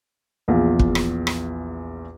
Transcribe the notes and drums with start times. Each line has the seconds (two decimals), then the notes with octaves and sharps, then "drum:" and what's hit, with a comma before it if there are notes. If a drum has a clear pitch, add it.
0.48 A#1 E2 F4
0.79 drum: kick
0.95 drum: rim click
1.27 drum: rim click